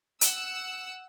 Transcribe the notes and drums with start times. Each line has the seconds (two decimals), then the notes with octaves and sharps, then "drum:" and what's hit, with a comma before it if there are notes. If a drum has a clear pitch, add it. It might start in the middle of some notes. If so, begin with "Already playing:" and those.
0.21 F#5 E6, drum: hi-hat